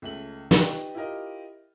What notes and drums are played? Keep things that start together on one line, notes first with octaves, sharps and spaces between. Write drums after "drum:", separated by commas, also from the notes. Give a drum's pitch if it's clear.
C#2 A3 F#7
D#4 G4 B4 D5 D#5 G5, drum: snare
E4 F4 G4 A#4 D#5